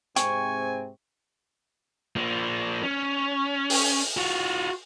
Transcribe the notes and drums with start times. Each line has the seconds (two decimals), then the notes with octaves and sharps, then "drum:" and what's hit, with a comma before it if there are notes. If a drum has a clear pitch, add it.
0.16 G#2 C3 C4 G5 G#5 C#6, drum: hi-hat
2.16 F3 A#3
2.83 C#4
3.70 drum: open hi-hat
4.17 F4 F#4